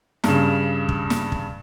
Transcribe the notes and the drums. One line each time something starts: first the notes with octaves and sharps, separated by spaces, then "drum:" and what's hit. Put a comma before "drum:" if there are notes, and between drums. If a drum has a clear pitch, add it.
G2 C#3, drum: snare
drum: kick
drum: snare
drum: kick